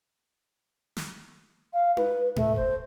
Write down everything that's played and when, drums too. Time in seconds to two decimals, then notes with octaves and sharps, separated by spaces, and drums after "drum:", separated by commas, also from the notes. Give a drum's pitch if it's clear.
0.97 drum: snare
1.74 F5
1.97 B4, drum: tom D#4
2.36 A3, drum: tom A2
2.56 C5, drum: kick E1